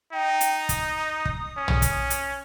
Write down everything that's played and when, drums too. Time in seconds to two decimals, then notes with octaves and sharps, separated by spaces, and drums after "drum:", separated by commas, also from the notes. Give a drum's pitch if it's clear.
0.13 D#4 G5
0.41 drum: hi-hat
0.69 D#6, drum: kick, hi-hat
1.25 drum: kick
1.58 C#4
1.68 drum: tom
1.82 drum: kick, hi-hat
2.10 drum: hi-hat